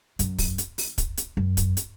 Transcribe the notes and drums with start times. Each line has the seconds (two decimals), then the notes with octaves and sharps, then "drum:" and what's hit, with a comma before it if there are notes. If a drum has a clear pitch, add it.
0.19 F#2, drum: hi-hat
0.38 drum: kick, open hi-hat
0.58 drum: hi-hat
0.78 drum: open hi-hat
0.98 drum: kick, hi-hat
1.17 drum: hi-hat
1.37 F#2
1.57 drum: kick, hi-hat
1.77 drum: hi-hat